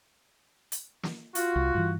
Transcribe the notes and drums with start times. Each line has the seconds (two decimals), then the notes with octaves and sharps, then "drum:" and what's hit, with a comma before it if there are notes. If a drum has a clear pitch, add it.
0.72 drum: hi-hat
1.03 drum: snare
1.35 F4 F#4, drum: hi-hat
1.56 C2
1.75 G2 E3